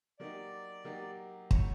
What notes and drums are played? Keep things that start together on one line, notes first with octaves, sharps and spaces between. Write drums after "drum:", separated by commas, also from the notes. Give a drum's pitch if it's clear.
F#3 A#3 D#4 G4 D5
F#3 A#3 D#4 G4
A2 F#3 A3 C#5, drum: kick